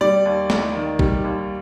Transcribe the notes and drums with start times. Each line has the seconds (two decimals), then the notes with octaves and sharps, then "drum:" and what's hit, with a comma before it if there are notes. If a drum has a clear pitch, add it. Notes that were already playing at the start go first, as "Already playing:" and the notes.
0.01 G3 D5
0.25 D#2
0.50 D#2, drum: snare
0.75 D#3
0.99 G3, drum: kick A#1
1.24 D#2